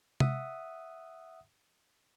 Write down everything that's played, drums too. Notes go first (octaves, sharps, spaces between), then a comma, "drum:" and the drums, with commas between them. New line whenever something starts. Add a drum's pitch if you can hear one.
E5 F#5 D#6, drum: tom C3